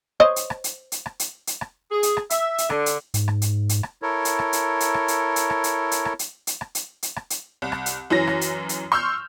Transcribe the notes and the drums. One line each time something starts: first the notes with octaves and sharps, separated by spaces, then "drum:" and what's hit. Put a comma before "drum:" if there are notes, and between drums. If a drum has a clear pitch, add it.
C5 C#5 D#5
drum: hi-hat
drum: rim click
drum: hi-hat
drum: hi-hat
drum: rim click
drum: hi-hat
drum: hi-hat
drum: rim click
G#4
drum: hi-hat
drum: rim click
E5, drum: hi-hat
drum: hi-hat
D3, drum: rim click
drum: hi-hat
G#2, drum: hi-hat
drum: rim click
drum: hi-hat
drum: hi-hat
drum: rim click
E4 A4 A#4 C#5
drum: hi-hat
drum: rim click
drum: hi-hat
drum: hi-hat
drum: rim click
drum: hi-hat
drum: hi-hat
drum: rim click
drum: hi-hat
drum: hi-hat
drum: rim click
drum: hi-hat
drum: hi-hat
drum: rim click
drum: hi-hat
drum: hi-hat
drum: rim click
drum: hi-hat
C2
drum: rim click
drum: hi-hat
F#2 E3 C#4 A#6
drum: rim click
drum: hi-hat
drum: hi-hat
C6 C#6 E6 F6 G6